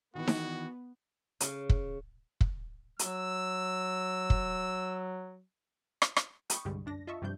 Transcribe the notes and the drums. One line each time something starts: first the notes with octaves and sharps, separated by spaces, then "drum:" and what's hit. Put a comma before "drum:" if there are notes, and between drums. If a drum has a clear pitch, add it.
D#3 E3 B3 F#4
drum: snare D#4
C#3, drum: hi-hat
drum: kick
drum: kick
F#3 E6, drum: hi-hat
drum: kick
drum: rim click
drum: rim click
G5 B5 C#6 D#6, drum: hi-hat
C2 G2 D3 G3 G#3
F#2 D4 A#6
F4 D#5 E5 A5 C#6
G2 C3 F3 G3 D4 G6